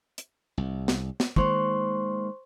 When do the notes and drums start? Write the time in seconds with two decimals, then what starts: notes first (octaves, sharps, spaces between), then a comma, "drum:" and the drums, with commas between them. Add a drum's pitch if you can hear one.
0.18 drum: hi-hat
0.58 C2
0.88 drum: snare
1.20 drum: snare
1.36 D#3 G#3 A#3 C5 C6 C#6, drum: kick